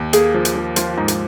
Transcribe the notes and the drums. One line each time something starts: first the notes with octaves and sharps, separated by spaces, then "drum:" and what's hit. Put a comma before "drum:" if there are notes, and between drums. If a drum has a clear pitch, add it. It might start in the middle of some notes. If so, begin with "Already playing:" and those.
Already playing: D#2
A#3 G#4, drum: hi-hat
F3
drum: hi-hat
F3
F3 F4, drum: hi-hat
G#2 D#4
drum: hi-hat